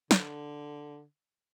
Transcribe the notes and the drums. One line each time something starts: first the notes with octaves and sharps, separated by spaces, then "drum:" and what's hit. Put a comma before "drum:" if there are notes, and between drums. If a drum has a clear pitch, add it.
D3, drum: snare